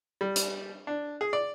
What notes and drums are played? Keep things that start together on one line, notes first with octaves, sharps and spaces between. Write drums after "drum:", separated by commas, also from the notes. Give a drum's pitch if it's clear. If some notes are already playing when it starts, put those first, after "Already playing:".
G3
drum: hi-hat
D4
G#4
D5